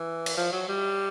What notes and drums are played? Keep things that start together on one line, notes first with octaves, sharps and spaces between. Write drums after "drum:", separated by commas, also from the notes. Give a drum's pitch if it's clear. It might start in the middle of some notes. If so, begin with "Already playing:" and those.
Already playing: E3
drum: cymbal
F3
F#3
G3